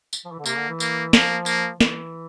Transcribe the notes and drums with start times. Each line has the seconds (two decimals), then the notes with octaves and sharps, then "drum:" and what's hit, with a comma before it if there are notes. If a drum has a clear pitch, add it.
0.13 drum: tambourine
0.25 F3
0.32 E3
0.39 D3
0.46 C3 A#3, drum: tambourine
0.57 D3
0.69 E3
0.80 A#3, drum: tambourine
1.13 F3 A#3, drum: snare
1.46 A#3, drum: tambourine
1.81 E3, drum: snare